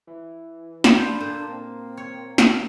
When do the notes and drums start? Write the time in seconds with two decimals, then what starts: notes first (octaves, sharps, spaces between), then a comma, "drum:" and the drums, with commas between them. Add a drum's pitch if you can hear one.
0.07 E3
0.84 drum: snare
0.95 D4 F4 C5 B5
1.21 A#2 A4 C5
1.49 A#3 C4
1.97 C#5
2.38 drum: snare